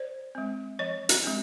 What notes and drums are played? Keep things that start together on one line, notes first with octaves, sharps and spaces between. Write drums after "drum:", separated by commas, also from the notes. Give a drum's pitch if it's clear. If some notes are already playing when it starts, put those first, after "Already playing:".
Already playing: C5 D5
G#3 C4
F3 C#5 D#5
drum: hi-hat
G#3 C4